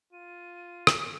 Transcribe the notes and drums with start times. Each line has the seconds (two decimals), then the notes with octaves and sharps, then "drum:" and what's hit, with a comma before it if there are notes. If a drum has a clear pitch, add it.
0.13 F4 D#7
0.87 drum: rim click